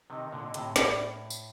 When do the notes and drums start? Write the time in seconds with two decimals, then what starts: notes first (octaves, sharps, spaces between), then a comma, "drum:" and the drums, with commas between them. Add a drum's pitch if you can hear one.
0.10 C3 D#3 D#5
0.32 A#2 D3
0.44 D#5
0.54 A2 C3, drum: hi-hat
0.76 A2 D5, drum: snare
1.30 drum: tambourine